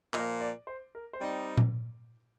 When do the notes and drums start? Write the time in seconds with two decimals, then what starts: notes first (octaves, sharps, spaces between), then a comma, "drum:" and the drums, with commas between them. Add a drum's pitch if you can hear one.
0.14 A#2 F3 A#3 D#5, drum: clap
0.41 D5
0.67 C5
0.95 A#4
1.13 C5
1.21 G3 C4 D#4 D5
1.57 drum: tom A#2